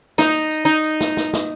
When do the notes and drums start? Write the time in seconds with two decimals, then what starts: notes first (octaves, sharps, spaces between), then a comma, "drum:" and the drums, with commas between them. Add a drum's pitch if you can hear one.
0.18 D#4, drum: snare
0.35 drum: tambourine
0.51 drum: tambourine
0.65 D#4, drum: tambourine
0.84 drum: tambourine
1.01 drum: snare
1.17 drum: snare
1.33 drum: snare